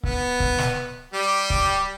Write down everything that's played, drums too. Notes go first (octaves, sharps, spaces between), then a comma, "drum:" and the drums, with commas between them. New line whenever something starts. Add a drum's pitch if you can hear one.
B3, drum: kick C#1
drum: kick C#1
drum: snare
G3 G4
drum: kick C#1